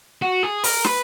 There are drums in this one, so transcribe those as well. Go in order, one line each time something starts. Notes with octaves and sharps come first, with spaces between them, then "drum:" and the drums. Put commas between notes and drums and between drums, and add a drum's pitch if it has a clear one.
F#4
G#4
A#4, drum: open hi-hat
B4, drum: snare